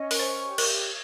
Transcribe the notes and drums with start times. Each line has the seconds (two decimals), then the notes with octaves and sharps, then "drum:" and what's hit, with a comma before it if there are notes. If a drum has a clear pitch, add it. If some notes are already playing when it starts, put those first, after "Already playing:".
Already playing: C#4 D#5
0.11 A#4, drum: open hi-hat
0.19 C5 C#6
0.45 G4
0.58 A#4, drum: cymbal
0.71 C#5